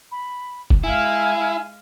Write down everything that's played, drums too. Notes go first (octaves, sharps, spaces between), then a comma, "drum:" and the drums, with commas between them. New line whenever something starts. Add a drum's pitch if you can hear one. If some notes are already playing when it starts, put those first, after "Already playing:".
B5
drum: kick
G#3 E4 F5 G#5